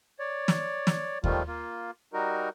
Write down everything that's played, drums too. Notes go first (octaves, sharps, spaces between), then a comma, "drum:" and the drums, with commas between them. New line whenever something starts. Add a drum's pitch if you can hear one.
C#5 D5
drum: snare
drum: snare
D#3 F3 G3 A3 F4, drum: kick D#2
A#3 F4
G3 D#4 F#4 A#4